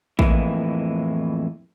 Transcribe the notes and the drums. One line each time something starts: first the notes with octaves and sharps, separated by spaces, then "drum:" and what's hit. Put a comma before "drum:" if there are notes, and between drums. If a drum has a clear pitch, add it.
F2 A2 E3 G#3 A#3 E4, drum: kick